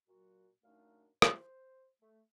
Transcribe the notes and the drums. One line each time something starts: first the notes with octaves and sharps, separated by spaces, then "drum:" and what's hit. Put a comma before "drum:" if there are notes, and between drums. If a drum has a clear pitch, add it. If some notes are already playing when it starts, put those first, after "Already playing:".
A#2 F#3 F#4
F#2 A#2 A3 D4 D#4 F5
C5, drum: rim click
A3